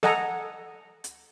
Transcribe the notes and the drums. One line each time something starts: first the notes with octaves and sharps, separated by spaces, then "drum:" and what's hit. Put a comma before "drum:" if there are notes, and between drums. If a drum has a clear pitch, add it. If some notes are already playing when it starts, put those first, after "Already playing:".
A4 D#5 F#5 G#5 A#5, drum: snare
drum: hi-hat